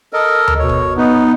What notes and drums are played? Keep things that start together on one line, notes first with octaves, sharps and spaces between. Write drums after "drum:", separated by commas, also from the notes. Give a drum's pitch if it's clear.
A4 A#4 D#5
drum: tom D2
B2 C#5
drum: kick
B3 D#4